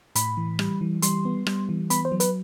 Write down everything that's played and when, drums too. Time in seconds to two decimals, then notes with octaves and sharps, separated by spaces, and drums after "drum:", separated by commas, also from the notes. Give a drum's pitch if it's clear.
0.15 A2 B5, drum: hi-hat
0.37 E3
0.59 G3, drum: rim click
0.81 E3
1.02 G3 C6, drum: hi-hat
1.25 B3
1.47 G3, drum: rim click
1.69 E3
1.90 B3 B5, drum: hi-hat
2.05 C5
2.12 F#3
2.20 B4, drum: hi-hat